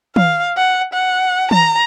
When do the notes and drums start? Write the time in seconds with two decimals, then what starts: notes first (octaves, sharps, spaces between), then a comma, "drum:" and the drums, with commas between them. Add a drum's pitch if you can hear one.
0.16 F5, drum: tom
0.57 F#5
0.93 F#5
1.51 A#5, drum: tom